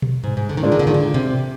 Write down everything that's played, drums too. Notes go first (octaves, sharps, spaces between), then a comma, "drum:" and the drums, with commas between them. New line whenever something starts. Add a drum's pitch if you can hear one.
drum: tom B2
G#2
G#2
D3
D#3
A#2 D3 G#3 D4
D#3
D3
D#3
D3
C3